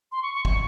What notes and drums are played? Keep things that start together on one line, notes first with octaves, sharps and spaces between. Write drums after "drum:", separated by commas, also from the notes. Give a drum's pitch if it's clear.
C6
C#6
C#6
C#6, drum: kick